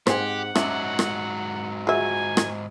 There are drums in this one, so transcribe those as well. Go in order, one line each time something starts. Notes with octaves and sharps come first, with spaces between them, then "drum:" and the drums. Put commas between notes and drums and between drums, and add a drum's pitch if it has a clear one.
G#2 G#3 C4 G4 C5 F#5 G#5, drum: rim click
G#2 F#3 C#4 E5 A5 D6, drum: rim click
drum: rim click
F4 F#4 G#4 E5 G#5
drum: rim click